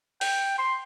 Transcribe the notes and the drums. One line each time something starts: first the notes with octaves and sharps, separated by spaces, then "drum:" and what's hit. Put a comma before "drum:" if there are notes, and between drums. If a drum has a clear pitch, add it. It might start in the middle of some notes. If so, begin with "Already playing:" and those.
G5, drum: open hi-hat
C6